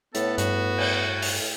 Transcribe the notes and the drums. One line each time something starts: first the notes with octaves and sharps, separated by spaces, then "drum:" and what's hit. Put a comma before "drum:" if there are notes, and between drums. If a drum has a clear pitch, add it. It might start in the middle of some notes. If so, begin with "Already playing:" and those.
A2 B3 A4, drum: hi-hat
G2 F#4, drum: hi-hat
drum: cymbal
drum: open hi-hat